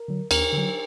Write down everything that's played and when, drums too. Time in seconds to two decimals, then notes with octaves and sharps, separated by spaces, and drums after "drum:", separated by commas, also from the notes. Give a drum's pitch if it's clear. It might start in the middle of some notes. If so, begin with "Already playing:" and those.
Already playing: A#4
0.08 D3 F#3
0.31 D#2 A#4, drum: cymbal
0.53 D3 F#3